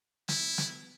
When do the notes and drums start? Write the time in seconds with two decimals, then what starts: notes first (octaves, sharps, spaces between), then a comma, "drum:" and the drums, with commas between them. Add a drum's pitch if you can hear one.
0.29 E4, drum: snare
0.58 drum: snare